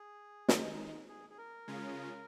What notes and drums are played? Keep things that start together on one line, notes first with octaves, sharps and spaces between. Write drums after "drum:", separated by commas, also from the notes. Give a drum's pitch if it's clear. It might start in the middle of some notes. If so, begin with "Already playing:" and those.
Already playing: G#4
D#3 G#3 D#4, drum: snare
G#4
G#4
A#4
C#3 G#3 C#4 F4